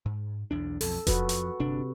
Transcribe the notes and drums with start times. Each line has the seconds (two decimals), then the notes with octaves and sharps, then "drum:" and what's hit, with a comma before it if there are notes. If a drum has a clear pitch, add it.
0.06 G#2
0.51 B1 E2 D4
0.81 B1 F2 A4, drum: open hi-hat
1.07 F2 F#4 B4, drum: kick E1, hi-hat
1.29 drum: hi-hat
1.60 G1 C3 D4